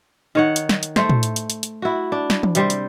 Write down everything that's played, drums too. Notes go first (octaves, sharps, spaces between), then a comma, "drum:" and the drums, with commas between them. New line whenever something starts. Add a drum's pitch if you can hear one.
D#3 C#5 F#5
drum: hi-hat
drum: snare
drum: hi-hat
A3 C5, drum: snare
drum: tom
drum: hi-hat
drum: hi-hat
drum: hi-hat
drum: hi-hat
E4 F#4
D4
drum: snare
drum: tom
C3 G3 C5, drum: hi-hat
drum: hi-hat